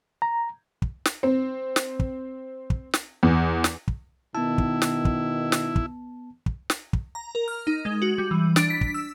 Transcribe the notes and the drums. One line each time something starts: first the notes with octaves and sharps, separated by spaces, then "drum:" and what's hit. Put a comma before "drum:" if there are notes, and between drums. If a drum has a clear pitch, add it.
A#5
drum: kick
drum: snare
C4
drum: snare
drum: kick
drum: kick
drum: snare
E2
drum: snare
drum: kick
B2 D#3 B3 E4 A5
drum: kick
drum: snare
drum: kick
drum: snare
drum: kick
drum: kick
drum: snare
drum: kick
A#5
A#4
F6
D#4
G#3
F#4
G3
E3
D4, drum: snare
B6
drum: kick
E6